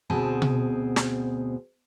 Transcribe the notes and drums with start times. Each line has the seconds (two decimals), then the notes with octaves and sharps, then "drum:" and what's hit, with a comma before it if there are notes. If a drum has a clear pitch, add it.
0.10 D2 B2 C4 G#4 C5 A5
0.42 drum: tom B2
0.96 drum: snare